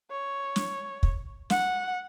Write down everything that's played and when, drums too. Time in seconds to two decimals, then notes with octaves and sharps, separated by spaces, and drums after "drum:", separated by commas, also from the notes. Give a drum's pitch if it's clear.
0.11 C#5
0.56 drum: snare
1.03 drum: kick
1.50 F#5, drum: snare